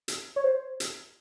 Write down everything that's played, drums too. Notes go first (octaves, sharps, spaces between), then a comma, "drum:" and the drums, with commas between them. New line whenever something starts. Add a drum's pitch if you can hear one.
drum: hi-hat
C#5
C5
drum: hi-hat